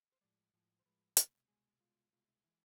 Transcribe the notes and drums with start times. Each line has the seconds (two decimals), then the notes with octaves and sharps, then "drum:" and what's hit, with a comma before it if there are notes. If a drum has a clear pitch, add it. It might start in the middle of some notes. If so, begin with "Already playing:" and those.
0.12 C5
0.21 A2 F3 G#3 D5
0.54 A2 F3 G#3
0.79 C5
0.85 A2 F3 G#3 B4
1.17 C2 B2 G#3, drum: hi-hat
1.48 C2 B2 G#3 G#4
1.80 C2 B2 G#3 F4
2.13 C2 B2 G#3 F4
2.28 E4
2.44 E3 G#3 E4